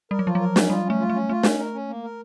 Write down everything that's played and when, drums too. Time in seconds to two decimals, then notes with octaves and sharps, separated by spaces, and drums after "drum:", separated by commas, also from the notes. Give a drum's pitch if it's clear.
0.11 G3 A#4
0.19 F#3
0.26 F3 F4
0.35 F#3
0.40 A#4
0.56 C#4, drum: snare
0.70 G3 F4
0.86 A3 C#4
1.00 F4
1.10 A3
1.14 C#4
1.29 A3 F4
1.43 C#4, drum: snare
1.59 A#4
1.74 C#4
1.88 A#3
2.03 A#4